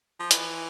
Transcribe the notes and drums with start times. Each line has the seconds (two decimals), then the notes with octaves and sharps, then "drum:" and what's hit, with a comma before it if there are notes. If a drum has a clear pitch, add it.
0.20 F3
0.31 E3, drum: hi-hat